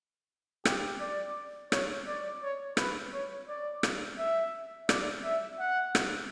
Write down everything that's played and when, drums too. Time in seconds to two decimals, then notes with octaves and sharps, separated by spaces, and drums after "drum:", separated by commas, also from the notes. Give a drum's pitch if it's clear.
0.65 G4, drum: rim click
1.00 D5
1.72 C#5, drum: rim click
2.07 D5
2.42 C#5
2.77 B4, drum: rim click
3.13 C#5
3.48 D5
3.83 drum: rim click
4.18 E5
4.89 D5, drum: rim click
5.24 E5
5.60 F#5
5.95 drum: rim click